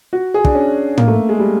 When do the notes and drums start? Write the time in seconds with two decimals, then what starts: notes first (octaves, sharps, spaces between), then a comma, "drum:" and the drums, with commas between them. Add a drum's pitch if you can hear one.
0.13 F#4
0.34 G#4
0.45 D4, drum: kick
0.55 C#4
0.98 A#3, drum: tom A2
1.08 A3
1.29 G#3
1.39 G3